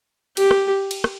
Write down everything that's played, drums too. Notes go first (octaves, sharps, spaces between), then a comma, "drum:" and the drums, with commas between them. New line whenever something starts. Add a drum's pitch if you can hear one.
G4, drum: cymbal
drum: rim click
drum: cymbal
drum: rim click